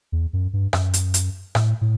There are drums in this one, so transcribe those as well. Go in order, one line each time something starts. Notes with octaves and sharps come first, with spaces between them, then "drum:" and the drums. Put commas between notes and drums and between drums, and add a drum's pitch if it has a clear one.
E2
F#2
G2
F#2, drum: rim click
drum: hi-hat
drum: hi-hat
A2, drum: rim click
A2